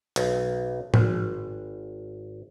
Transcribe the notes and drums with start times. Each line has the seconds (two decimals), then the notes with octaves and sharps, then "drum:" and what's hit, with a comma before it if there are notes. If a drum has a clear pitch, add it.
0.16 B1, drum: hi-hat
0.94 G#1, drum: tom A2